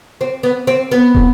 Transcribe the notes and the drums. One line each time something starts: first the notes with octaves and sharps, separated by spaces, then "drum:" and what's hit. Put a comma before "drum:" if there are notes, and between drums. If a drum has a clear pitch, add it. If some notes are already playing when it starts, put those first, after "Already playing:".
C4
B3
C4
B3
drum: kick